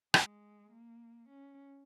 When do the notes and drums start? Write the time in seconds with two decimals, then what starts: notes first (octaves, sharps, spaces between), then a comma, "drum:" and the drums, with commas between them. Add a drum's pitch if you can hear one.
0.14 G#3, drum: rim click
0.71 A#3
1.29 C#4